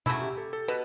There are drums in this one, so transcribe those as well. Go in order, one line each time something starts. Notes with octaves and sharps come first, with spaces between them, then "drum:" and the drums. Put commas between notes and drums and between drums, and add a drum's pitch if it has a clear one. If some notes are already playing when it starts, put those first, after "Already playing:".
C#3 F#3 A3 E4, drum: tom B2
G4
A4
A4
B2 B4